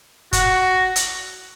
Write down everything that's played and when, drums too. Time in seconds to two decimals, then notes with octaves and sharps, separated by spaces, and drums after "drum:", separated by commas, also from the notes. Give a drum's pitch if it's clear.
0.33 F#4, drum: kick, hi-hat
0.96 drum: hi-hat